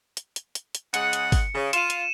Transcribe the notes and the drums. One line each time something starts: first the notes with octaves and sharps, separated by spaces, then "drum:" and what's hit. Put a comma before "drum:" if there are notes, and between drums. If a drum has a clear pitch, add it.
drum: hi-hat
drum: hi-hat
drum: hi-hat
drum: hi-hat
C#3 G#3 F#5 C#7, drum: hi-hat
drum: hi-hat
drum: kick, open hi-hat
C#3
F4 D#7 E7, drum: hi-hat
drum: hi-hat